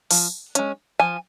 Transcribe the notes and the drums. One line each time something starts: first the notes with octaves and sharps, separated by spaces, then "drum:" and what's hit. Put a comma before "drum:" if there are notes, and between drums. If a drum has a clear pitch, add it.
F3, drum: open hi-hat
G#3 C#4, drum: hi-hat
F3 G#5